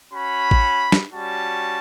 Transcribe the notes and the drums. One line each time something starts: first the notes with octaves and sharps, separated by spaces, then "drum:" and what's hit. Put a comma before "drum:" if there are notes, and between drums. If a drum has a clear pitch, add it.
C#4 F#4 B5
drum: kick A1
drum: snare
G3 C#4 F#4 A5